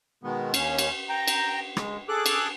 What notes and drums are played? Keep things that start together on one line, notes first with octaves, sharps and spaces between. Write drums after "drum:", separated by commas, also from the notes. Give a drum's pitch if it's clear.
B2 D#3 G#3 B3
D#2 C#4, drum: cymbal
drum: cymbal
G5 A#5
drum: cymbal
G#3, drum: rim click
G#4 A4 D6 F#6
drum: cymbal